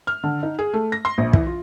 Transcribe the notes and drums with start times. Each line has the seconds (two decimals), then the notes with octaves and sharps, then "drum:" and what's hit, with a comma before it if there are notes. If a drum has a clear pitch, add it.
0.07 F6
0.24 D3
0.43 D#4
0.59 G#4
0.74 A3
0.92 A#6
1.05 C6
1.18 A#1
1.33 E3, drum: kick
1.46 F4